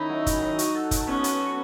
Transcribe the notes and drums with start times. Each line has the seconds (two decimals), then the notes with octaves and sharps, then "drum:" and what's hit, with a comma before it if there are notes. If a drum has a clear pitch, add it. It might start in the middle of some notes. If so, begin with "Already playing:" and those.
Already playing: D#3 C#4 D#4 E4
0.10 F#3
0.26 E4, drum: kick, hi-hat
0.42 F#3
0.59 F#4, drum: hi-hat
0.75 A4
0.91 F#3, drum: kick, hi-hat
1.07 B3 C#4
1.24 B3, drum: hi-hat
1.40 F#4